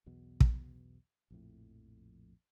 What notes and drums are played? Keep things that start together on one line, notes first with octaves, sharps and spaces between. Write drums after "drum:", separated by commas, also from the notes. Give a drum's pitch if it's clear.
B1 E2 B2
drum: kick
A#1 F2 A2